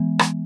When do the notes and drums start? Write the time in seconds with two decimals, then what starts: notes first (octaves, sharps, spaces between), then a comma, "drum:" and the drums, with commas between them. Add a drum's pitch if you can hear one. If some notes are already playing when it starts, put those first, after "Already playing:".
Already playing: E3 G#3 B3
0.19 drum: rim click